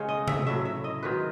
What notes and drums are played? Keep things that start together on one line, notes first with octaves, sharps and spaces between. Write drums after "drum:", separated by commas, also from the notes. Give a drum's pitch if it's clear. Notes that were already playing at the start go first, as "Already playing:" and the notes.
Already playing: C#3 G#3 C#5
D#5
E5, drum: tom C3
A2 F#3 A3 E5
E5
D#5
G#2 D#3 F#3 B4